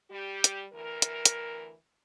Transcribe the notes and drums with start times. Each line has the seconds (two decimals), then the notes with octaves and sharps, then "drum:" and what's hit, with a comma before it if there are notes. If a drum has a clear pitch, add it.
0.10 G3 G4
0.44 drum: hi-hat
0.73 D2 E3 A#4
1.02 drum: hi-hat
1.25 drum: hi-hat